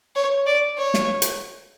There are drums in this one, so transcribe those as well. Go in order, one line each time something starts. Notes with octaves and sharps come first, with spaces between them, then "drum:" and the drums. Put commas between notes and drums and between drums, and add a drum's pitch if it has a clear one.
C#5
D5
C#5
drum: snare
drum: hi-hat